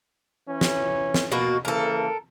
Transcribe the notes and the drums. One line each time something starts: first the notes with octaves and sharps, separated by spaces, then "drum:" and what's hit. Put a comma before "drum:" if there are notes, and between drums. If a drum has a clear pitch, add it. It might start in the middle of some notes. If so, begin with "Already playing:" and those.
E3 C#4
drum: snare
drum: snare
B2 A#3 F#4
C#3 E3 A#3 A4 A#4